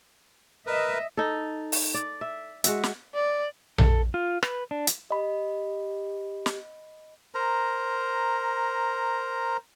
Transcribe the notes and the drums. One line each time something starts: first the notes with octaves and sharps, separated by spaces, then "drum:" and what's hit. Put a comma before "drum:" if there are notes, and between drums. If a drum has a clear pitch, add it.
A#4 B4 D#5 E5
D#4 A4
drum: open hi-hat
D5
E5
G#3 F#4 E5, drum: hi-hat
drum: snare
D5
A4, drum: tom A#1
F4
B4, drum: rim click
D4
drum: hi-hat
G4 D#5 B5
drum: snare
A#4 C5 A#5